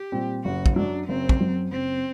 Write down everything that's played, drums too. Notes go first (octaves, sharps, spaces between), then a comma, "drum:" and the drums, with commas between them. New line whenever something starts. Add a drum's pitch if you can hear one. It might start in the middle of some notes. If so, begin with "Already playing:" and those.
Already playing: G4
A#2 G3 C4
F#1 F#4
drum: kick
F#2 F#3 D4
F#1 C4
drum: kick
F#2 F#3
F#1 C4